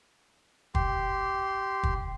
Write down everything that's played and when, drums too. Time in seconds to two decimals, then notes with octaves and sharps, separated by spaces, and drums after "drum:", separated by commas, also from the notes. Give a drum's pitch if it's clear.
0.75 G4 C6, drum: kick
1.83 drum: kick